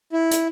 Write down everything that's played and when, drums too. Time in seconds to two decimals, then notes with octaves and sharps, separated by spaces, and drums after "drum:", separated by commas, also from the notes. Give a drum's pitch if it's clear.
0.13 E4
0.31 drum: hi-hat